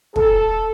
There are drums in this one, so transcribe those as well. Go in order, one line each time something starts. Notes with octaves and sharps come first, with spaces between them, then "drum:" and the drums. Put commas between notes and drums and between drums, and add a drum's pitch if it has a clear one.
A4, drum: kick